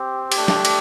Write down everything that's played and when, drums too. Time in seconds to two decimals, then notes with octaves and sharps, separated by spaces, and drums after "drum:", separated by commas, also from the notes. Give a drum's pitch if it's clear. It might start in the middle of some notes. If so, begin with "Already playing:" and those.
Already playing: C4 G4
0.32 A3 D4 G4, drum: cymbal
0.48 drum: snare
0.65 drum: cymbal